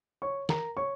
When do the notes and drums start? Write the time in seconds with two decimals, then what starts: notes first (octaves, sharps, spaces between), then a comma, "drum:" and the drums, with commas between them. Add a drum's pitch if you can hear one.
0.22 C#5 C#6
0.49 A#4 A#5, drum: snare E3
0.77 C#5 C#6